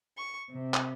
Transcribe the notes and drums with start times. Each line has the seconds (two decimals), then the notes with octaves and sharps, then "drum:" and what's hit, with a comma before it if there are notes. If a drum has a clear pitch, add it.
0.17 C#6
0.50 C3
0.74 drum: clap